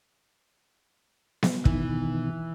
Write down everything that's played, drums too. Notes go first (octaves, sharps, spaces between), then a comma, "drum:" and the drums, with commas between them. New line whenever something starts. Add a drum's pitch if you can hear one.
drum: snare B3
B2 D#3 E3, drum: kick